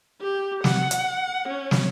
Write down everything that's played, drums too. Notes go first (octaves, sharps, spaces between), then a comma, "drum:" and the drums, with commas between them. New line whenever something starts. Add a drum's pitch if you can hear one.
G4
F#5, drum: snare
drum: hi-hat
C#4
drum: snare